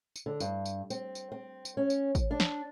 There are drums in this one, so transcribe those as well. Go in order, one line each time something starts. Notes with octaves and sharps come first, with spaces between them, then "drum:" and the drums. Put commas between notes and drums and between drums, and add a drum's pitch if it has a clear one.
drum: tambourine
D3
G2, drum: tambourine
drum: tambourine
C4, drum: tambourine
drum: tambourine
C4
drum: tambourine
C#4
drum: tambourine
drum: kick, tambourine
D4
drum: snare